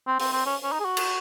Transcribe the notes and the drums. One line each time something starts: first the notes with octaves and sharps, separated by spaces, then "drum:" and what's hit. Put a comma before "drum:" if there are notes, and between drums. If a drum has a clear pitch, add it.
C4
C4, drum: open hi-hat
C4
C#4
C#4
D#4
G#4
F#4
drum: cymbal